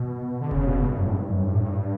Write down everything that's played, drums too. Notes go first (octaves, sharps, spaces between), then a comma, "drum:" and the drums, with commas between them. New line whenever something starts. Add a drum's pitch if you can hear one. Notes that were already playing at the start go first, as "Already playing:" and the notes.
Already playing: B2
D3
C#3, drum: kick F1
B2
G2
F#2
A2
G2
F#2
G2
A2
G2